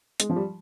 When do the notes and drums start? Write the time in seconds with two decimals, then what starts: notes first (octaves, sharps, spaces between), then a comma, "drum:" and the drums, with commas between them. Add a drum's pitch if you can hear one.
0.20 G#3, drum: hi-hat
0.30 F3
0.36 G3